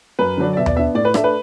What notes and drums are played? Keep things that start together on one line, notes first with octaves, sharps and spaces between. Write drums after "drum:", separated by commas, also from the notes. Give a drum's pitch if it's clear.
F#2 B4
D3 F#3 D4
D5
B2 E5
D5, drum: tom D#2
B3 D4 E5
A2 D5
B4
A3 D4 E5, drum: rim click
B4